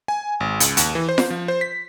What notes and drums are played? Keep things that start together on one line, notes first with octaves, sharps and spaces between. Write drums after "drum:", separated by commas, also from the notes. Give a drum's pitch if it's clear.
G#5
G#1
C#2, drum: hi-hat
D#2, drum: hi-hat
E3
C5
drum: snare F4
F3
C5
B6